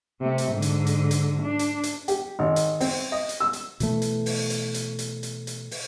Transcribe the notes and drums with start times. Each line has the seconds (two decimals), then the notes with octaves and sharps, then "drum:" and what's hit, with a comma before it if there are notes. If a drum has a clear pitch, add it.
0.21 C3 A3
0.38 drum: hi-hat
0.52 G#2 D3
0.62 drum: hi-hat
0.87 drum: hi-hat
1.11 drum: hi-hat
1.42 D4
1.59 drum: hi-hat
1.83 drum: hi-hat
2.08 G4, drum: hi-hat
2.39 G#1
2.56 drum: hi-hat
2.80 C4, drum: open hi-hat
3.12 D#5
3.29 drum: hi-hat
3.40 E6
3.53 drum: hi-hat
3.80 B2 E3 A3, drum: hi-hat
4.02 drum: hi-hat
4.26 drum: open hi-hat
4.50 drum: hi-hat
4.74 drum: hi-hat
4.99 drum: hi-hat
5.23 drum: hi-hat
5.47 drum: hi-hat
5.71 drum: open hi-hat